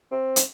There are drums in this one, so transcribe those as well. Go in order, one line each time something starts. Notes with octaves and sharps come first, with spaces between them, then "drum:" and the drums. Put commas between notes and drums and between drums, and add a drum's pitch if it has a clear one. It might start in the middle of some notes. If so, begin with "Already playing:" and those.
C4
drum: hi-hat